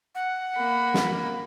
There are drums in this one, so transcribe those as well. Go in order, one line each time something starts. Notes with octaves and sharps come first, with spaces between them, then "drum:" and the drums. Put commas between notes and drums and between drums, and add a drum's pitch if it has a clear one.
F#5
A#3 B5
drum: snare